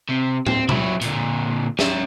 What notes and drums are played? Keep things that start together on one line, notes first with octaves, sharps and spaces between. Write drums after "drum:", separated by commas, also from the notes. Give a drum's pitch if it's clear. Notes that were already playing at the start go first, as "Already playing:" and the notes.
C3
C4, drum: tom
F#3 E4, drum: tom B2
A#2 D3, drum: hi-hat
C#4 E5, drum: snare